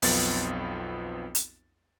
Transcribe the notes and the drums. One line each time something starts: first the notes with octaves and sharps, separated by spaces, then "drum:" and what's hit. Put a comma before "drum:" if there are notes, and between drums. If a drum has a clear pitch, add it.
B1 F2 B3 C4 F4 A6, drum: open hi-hat
drum: hi-hat